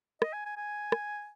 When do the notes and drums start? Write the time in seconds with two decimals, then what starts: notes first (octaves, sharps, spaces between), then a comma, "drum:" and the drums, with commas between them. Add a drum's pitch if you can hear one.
0.22 D#5, drum: rim click
0.33 G#5
0.46 G#5
0.57 G#5
0.92 drum: rim click